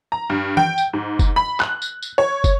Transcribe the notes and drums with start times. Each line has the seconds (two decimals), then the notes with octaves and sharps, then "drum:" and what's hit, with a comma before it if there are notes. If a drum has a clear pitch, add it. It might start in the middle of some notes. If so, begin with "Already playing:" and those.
0.12 A#5
0.30 G2
0.57 G5, drum: tom E3
0.78 drum: tambourine
0.93 G#2
1.19 drum: kick, tambourine
1.36 B5
1.60 F#6, drum: clap
1.82 drum: tambourine
2.03 drum: tambourine
2.18 C#5
2.44 drum: kick, tambourine